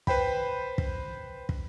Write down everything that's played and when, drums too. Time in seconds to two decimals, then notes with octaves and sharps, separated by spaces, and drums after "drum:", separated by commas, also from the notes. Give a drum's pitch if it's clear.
0.07 B4 C5 G5 B5, drum: kick
0.78 drum: kick
1.49 drum: kick